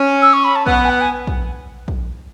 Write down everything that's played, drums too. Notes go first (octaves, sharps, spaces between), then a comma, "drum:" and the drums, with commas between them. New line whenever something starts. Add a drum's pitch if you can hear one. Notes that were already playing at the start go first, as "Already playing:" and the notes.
Already playing: C#4
E6
C#6
B5
A5
B3 F#5, drum: kick A#1
F#5
G#5
F#5
G#5
drum: kick A#1
drum: kick A#1